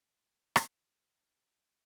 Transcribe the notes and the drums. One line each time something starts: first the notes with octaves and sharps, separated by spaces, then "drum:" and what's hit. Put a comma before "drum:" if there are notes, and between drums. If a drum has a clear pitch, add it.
E4 F#4
drum: rim click
F5 A#5
C#2 A4 B5